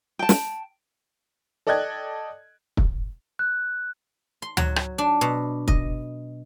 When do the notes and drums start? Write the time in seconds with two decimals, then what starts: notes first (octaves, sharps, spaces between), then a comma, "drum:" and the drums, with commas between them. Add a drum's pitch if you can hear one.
0.19 G5 A5
0.29 drum: snare
1.67 A4 D5 D#5 G5 F#6 G#6
2.77 drum: kick
3.39 F#6
4.42 C6
4.57 F#3, drum: tom D2
4.76 drum: rim click
4.98 D4
5.21 B2
5.68 D#5, drum: kick